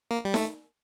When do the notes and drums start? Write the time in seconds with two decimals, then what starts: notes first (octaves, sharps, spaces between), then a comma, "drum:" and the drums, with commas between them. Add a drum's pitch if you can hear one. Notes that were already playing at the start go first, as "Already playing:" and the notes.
0.11 A#3
0.25 G3
0.34 A3, drum: snare D#4